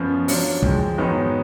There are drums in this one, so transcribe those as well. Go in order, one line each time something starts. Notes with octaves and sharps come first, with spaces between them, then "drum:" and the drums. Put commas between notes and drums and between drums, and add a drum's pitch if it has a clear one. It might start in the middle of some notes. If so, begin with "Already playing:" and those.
Already playing: F#2 F3 B3
F#3 D4 F4, drum: open hi-hat
F2 F3 G#3, drum: kick
G#2 D#3 F#3 B3 D#4